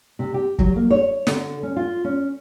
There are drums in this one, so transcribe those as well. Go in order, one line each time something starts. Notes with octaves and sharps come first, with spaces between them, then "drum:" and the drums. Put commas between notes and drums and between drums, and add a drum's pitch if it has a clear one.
C3
G4
F#3, drum: kick
A#3
C#5
D3, drum: snare
C#4
F4
C#4